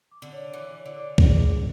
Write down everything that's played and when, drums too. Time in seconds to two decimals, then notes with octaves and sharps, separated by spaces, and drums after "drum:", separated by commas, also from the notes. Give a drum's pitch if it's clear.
0.11 D6
0.22 D3
0.33 C#5
0.53 E3 D6
0.76 C#5
0.86 D3
0.96 D6
1.18 G#4, drum: kick
1.39 G#4